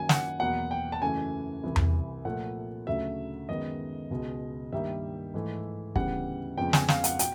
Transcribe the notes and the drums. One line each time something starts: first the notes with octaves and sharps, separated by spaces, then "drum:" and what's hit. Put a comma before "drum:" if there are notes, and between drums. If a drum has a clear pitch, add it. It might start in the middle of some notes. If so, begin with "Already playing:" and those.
Already playing: F#2 D#3 F#3 A#3 G#5
F#5, drum: snare
E2 B2 F#3 A#3 F#5
G5
A5
F#2 C#3 E3 A3 G#5
C2 C3 E3
drum: tom E2
A#2 F3 A3 F#5
D2 C#3 F#3 A3 E5
F#2 D#3 G#3 B3 D#5
C#2 B2 G#3
G2 D#3 G3 A#3 E5
G#2 E3 A3
D2 C#3 E3 G3 B3 F#5, drum: kick
F2 C#3 F3 G#3 B3 G5
G#5, drum: snare
F5, drum: snare
F#5, drum: hi-hat
B2 G5, drum: hi-hat